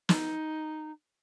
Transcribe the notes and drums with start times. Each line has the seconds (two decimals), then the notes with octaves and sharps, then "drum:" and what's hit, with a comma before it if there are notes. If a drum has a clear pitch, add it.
0.09 D#4, drum: snare